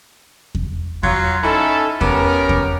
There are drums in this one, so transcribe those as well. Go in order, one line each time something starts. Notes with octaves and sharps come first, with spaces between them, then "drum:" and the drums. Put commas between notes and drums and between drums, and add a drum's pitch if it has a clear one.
drum: kick E2
F#3 F4, drum: kick E2
C#4 D#4 E4 A4
B3 C#4 G4 A#4, drum: kick E2
drum: kick E2